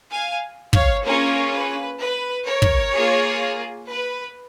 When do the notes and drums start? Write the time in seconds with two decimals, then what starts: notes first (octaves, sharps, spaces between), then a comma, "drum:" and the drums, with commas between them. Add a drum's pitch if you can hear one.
0.10 F5 G#5
0.73 C#5 F5, drum: kick
1.04 A#3 C#4 F4 G#4 A#4 C#5
1.52 B4
1.99 B4
2.46 A#4 C#5
2.62 drum: kick
2.93 A#3 F4 G#4
3.88 B4